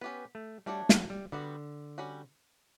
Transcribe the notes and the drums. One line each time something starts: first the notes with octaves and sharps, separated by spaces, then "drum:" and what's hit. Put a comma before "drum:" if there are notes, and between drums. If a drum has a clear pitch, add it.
B3 C#4 G4 B4
A3
G3 A3 D4 F#4 C#5
F#3, drum: snare
G3
D3 G3 B3 F#4
G3 C#4 F#4